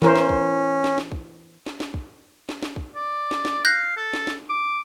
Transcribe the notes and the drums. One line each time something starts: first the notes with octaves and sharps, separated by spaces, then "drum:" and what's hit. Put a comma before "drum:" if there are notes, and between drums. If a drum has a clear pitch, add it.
E3 C#4 A#4 C5, drum: snare
drum: snare
drum: kick
drum: snare
drum: snare
drum: kick
drum: snare
drum: snare
drum: kick
drum: snare
drum: snare
drum: kick
D5
drum: snare
drum: snare
F5 F#6 G6 A#6
A4
drum: snare
drum: snare
D6